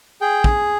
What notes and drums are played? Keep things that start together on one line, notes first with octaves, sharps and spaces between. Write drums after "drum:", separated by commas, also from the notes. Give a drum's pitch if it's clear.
G#4 G5
drum: kick